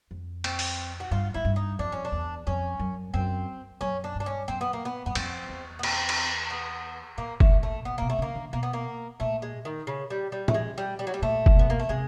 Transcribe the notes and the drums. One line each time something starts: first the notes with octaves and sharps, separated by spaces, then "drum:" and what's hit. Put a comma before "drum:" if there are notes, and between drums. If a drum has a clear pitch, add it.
F2
C4, drum: cymbal
drum: open hi-hat
F#4
G2 F4
G#2 E4
G2
D#4
F2 D4
C#4
D4
E2
F2 C#4
F#2
F#2 C4
F#2 C#4
D4
G2
D4
C#4
F#2 C4
B3
A#3
B3
F#2 B3
F2 C4, drum: cymbal
E2
B3
C4, drum: cymbal
drum: cymbal
B3
A#2 A#3
A3, drum: kick F#1
A#2
A3
A#2 B3
B2 A#3
A3
C#3 A#3
D3
B2 A#3
B3
A#3
A#2 A3
G#3
D#3
C#3
G3
G3
A3, drum: tom
G#3
G3
G3
F#3
G3
A#2 A3
drum: kick F#1
B2 B3
A#3
A3
C3 G#3